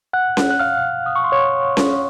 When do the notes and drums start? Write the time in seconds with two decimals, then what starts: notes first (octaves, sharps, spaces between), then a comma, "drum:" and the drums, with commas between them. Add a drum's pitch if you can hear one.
0.13 F#5 F#6
0.37 drum: snare C#4
0.51 F#6
0.60 F5 F6
1.06 D#6
1.16 C#6
1.24 C6
1.32 C#5 C#6
1.77 drum: snare C#4